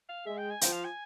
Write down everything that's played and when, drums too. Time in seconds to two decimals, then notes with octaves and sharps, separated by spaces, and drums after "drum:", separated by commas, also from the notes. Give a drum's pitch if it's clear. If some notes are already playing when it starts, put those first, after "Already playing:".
0.09 F5
0.26 G#3 E5
0.38 G5
0.50 G#5
0.61 F3 G5, drum: hi-hat
0.73 F5
0.85 G#5